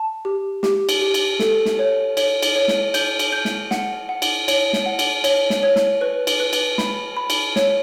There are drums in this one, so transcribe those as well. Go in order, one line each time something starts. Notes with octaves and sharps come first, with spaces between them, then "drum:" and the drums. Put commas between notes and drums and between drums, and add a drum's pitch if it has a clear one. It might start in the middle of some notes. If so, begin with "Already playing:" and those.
Already playing: A5
G4
G4, drum: snare
drum: cymbal
G4
drum: cymbal
A4, drum: snare
drum: snare
C#5
C#5, drum: cymbal
drum: cymbal
C#5
drum: snare
G6, drum: cymbal
drum: cymbal
G6
drum: snare
F#5, drum: snare
F#5
drum: cymbal
C#5, drum: cymbal
drum: snare
F#5
drum: cymbal
C#5, drum: cymbal
drum: snare
C#5
drum: snare
B4
drum: cymbal
B4
drum: cymbal
B5, drum: snare
B5
drum: cymbal
C#5, drum: snare